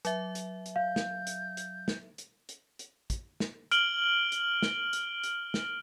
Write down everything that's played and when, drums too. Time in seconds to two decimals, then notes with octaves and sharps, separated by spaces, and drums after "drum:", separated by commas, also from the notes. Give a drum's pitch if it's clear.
0.05 F#3 E5, drum: hi-hat
0.35 drum: hi-hat
0.66 drum: hi-hat
0.76 F5 G6
0.96 drum: snare
1.27 drum: hi-hat
1.57 drum: hi-hat
1.88 drum: snare
2.18 drum: hi-hat
2.49 drum: hi-hat
2.79 drum: hi-hat
3.10 drum: kick, hi-hat
3.40 drum: snare
3.71 F6 D7 F#7 G7, drum: hi-hat
4.32 drum: hi-hat
4.62 drum: snare
4.93 drum: hi-hat
5.24 drum: hi-hat
5.54 drum: snare